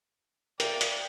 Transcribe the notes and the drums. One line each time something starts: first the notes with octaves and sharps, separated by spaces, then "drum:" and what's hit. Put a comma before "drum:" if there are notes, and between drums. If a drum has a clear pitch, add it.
A#4 D5 E5 F5 G5, drum: hi-hat
drum: hi-hat